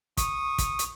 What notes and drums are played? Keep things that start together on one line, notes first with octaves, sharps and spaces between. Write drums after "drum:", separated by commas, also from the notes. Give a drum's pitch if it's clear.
C#6 D#6, drum: kick, hi-hat
drum: kick, hi-hat
drum: hi-hat